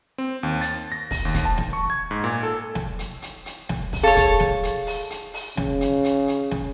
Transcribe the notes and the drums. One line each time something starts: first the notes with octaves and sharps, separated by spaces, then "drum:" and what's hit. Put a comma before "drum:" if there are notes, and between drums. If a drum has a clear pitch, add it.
C4
D#2
A6, drum: hi-hat
A#6
drum: kick, open hi-hat
D#2
drum: kick, hi-hat
A5
drum: snare
C#6
G#6
G#2
A#2
A4
drum: snare
drum: hi-hat
drum: hi-hat
drum: hi-hat
drum: snare
drum: kick, open hi-hat
G#4 A4 C#5 F5
drum: kick, hi-hat
drum: snare
drum: hi-hat
drum: open hi-hat
drum: hi-hat
drum: open hi-hat
C#3, drum: snare
drum: hi-hat
drum: hi-hat
drum: hi-hat
drum: snare